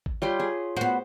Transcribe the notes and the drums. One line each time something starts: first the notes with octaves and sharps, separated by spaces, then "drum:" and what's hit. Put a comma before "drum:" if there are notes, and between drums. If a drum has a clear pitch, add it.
drum: kick A1
G3 F4 C#5 G5 C6
G#4
B3 F#4 C5